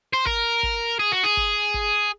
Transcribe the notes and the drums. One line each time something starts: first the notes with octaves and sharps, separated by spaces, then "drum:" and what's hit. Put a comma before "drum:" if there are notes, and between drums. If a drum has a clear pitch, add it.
C5
A#4, drum: kick
drum: kick
G#4
F#4
G#4
drum: kick
drum: kick